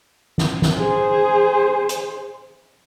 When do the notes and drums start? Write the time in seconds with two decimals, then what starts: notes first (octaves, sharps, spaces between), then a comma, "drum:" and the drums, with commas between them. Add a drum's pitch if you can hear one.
0.38 drum: snare
0.62 drum: snare
0.76 G#4 C5
1.89 drum: hi-hat